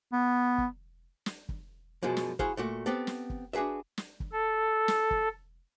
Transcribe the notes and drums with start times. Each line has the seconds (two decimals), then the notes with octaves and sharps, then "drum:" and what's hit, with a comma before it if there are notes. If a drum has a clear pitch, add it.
0.13 B3
0.58 drum: kick
1.26 drum: snare
1.49 drum: kick
2.03 F#2 B2 F3 G#3
2.17 drum: snare
2.39 E4 F#4 G#4 C5 F5, drum: kick
2.57 A#2 A3 F#4
2.86 B3 C4 G4 A4
3.07 drum: snare
3.30 drum: kick
3.53 D4 F#4 G#4 B4 E5
3.98 drum: snare
4.20 drum: kick
4.32 A4
4.88 drum: snare
5.11 drum: kick